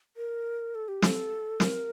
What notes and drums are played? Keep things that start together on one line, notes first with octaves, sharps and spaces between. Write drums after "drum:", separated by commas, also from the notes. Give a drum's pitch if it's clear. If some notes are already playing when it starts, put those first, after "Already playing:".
A#4
A4
G4
A4, drum: snare
A#4, drum: snare